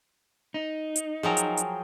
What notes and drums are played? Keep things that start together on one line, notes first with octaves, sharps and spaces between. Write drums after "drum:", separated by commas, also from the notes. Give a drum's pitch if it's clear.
D#4
drum: hi-hat
F3 F#3 G#4 A#4 G5
drum: hi-hat
drum: hi-hat